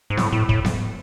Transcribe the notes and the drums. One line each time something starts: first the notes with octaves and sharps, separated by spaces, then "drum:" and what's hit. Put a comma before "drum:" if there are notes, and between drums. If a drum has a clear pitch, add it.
G#2
A2, drum: snare B3
A2
A2, drum: kick
drum: snare B3